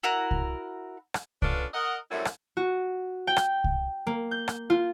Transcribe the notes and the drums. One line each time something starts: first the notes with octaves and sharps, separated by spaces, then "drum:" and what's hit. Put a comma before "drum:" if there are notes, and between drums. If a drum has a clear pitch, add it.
E4 F#4 A#4 F#6
drum: kick C2
drum: rim click
B3 C#4 D4 F4 A4 B4, drum: kick C2
A#4 D#5 F#5
F#2 A2 G3 C4 E4
drum: rim click
F#4
G5
drum: rim click
drum: kick C2
A#3
G6
drum: rim click
F4